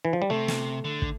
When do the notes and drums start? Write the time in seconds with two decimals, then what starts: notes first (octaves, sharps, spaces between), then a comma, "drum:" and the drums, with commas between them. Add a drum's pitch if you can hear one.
0.05 E3
0.13 F3
0.22 G3
0.30 C3 A3
0.48 drum: snare
0.85 D3
1.02 drum: kick